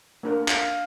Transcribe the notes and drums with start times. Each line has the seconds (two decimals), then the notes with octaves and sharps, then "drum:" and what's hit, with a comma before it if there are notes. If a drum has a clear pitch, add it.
0.23 A#3 D4 A#4
0.48 F5, drum: clap